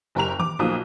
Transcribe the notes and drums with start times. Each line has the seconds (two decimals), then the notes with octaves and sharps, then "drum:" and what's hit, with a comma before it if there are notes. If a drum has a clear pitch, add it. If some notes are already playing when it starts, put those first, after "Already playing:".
0.15 F#1 G4 A#4 F7
0.40 D6, drum: tom D#3
0.59 B1 F3 A#3 D#6